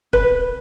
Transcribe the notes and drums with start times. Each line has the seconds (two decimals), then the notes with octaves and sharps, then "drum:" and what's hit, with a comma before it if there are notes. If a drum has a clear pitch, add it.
0.13 B4, drum: kick